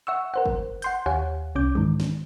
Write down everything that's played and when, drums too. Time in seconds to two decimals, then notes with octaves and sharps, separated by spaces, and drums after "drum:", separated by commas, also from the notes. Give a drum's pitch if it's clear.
0.07 E5 F#5 C#6 E6
0.34 A#4 C5 F#5
0.45 drum: kick
0.82 F#5 C6 G6, drum: hi-hat
1.06 D#2 G4 C#5 F5 F#5 G#5
1.55 C2 C#4 D6 G6
1.75 G#2 D#3 E3 G#3
2.00 drum: snare